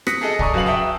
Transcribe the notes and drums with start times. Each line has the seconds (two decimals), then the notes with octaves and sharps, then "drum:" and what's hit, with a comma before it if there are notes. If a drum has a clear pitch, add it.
0.07 D#6 F#6 A#6 B6 C#7, drum: rim click
0.21 G#4 A4 D#5
0.39 D5 G#5 A#5 C#6 D#6, drum: kick
0.54 F#2 F#4 B4 F5 F#7
0.66 E5 G5 A5 D#6